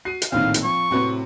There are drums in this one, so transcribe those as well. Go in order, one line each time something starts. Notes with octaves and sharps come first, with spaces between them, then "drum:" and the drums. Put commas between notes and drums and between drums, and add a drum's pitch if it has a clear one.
F#4 C7 D#7
drum: hi-hat
A#1 A2 D#3 C4 F5
drum: hi-hat
F3 C#6
A2 C3 C4 F#4 B4